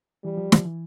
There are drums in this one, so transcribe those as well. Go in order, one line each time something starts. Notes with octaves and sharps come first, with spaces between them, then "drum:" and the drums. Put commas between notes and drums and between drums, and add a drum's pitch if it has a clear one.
E3 G3
F3
F3, drum: snare
E3